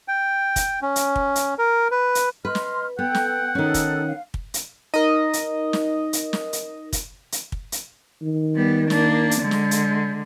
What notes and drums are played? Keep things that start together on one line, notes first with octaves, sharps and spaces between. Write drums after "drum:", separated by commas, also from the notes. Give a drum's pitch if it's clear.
G5
drum: kick, hi-hat
C#4
drum: hi-hat
drum: kick
drum: hi-hat
A#4
B4
drum: hi-hat
B4 D#5 C6 F6
drum: snare
B3 A4 F#5 G5 G6
drum: snare
D#3 C#4 D#4 A4
drum: kick, hi-hat
F5
drum: kick
drum: hi-hat
D#4 A#4 D#5
drum: hi-hat
drum: snare
drum: hi-hat
drum: snare
drum: hi-hat
drum: kick, hi-hat
drum: hi-hat
drum: kick
drum: hi-hat
D#3
G3 B3
A#3 D4, drum: snare
drum: hi-hat
D3 G#3
drum: snare
drum: hi-hat